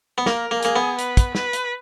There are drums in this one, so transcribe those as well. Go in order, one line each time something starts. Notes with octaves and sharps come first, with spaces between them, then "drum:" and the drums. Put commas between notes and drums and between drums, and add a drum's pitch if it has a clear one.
B3
A#3 A#4, drum: snare
A#3
A#3 G#4, drum: hi-hat
B3
B4, drum: hi-hat
drum: kick, hi-hat
B4, drum: snare
drum: hi-hat